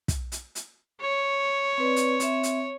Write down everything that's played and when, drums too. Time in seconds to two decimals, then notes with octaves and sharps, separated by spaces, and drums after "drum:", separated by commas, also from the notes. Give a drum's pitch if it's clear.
0.08 drum: kick, hi-hat
0.32 drum: hi-hat
0.55 drum: hi-hat
1.01 C#5
1.78 C4 B4 D5
1.96 drum: hi-hat
2.20 C4 E5, drum: hi-hat
2.43 drum: hi-hat